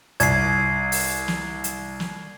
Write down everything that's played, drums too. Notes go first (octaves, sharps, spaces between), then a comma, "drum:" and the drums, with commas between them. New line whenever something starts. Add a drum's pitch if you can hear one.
C2 G#6 C7, drum: hi-hat
drum: open hi-hat
drum: snare
drum: hi-hat
drum: snare